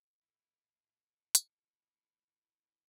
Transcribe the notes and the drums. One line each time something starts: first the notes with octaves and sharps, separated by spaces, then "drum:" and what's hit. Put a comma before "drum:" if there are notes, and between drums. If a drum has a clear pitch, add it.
E4 A4
drum: hi-hat